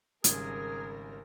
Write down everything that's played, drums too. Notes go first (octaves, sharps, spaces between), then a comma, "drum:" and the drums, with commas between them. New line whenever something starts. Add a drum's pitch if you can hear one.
G#1 C#3 G3 G#4 A#4, drum: hi-hat